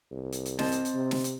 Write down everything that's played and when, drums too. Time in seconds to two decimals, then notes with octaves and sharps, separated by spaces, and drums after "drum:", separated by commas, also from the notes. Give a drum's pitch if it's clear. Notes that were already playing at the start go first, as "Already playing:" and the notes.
0.11 C2
0.32 drum: hi-hat
0.46 drum: hi-hat
0.59 C4 D#5 A5, drum: snare
0.72 drum: hi-hat
0.85 drum: hi-hat
0.94 C3
1.11 drum: snare
1.24 drum: hi-hat